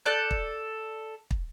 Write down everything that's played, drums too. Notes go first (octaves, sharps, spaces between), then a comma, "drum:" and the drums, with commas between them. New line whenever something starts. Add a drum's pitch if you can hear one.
A4 D5 F#6 G6
drum: kick
drum: kick